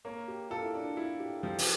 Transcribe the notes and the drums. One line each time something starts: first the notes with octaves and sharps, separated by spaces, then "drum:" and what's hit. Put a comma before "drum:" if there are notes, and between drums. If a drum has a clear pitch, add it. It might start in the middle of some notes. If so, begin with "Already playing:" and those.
A#3 C#5
G4
F4 A4
E4
D4
E4 F4
G4
F3 G4
drum: open hi-hat